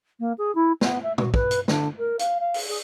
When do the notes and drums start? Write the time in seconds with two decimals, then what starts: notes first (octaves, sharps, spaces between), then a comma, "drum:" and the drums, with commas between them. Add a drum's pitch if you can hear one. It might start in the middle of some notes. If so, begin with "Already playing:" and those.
0.20 A#3
0.38 G#4
0.55 E4
0.81 B3, drum: snare
1.03 E5
1.18 F#4, drum: tom
1.34 B4, drum: kick
1.51 drum: hi-hat
1.68 D3, drum: snare
1.99 A#4
2.19 F5, drum: hi-hat
2.40 F5
2.54 drum: open hi-hat
2.69 G#4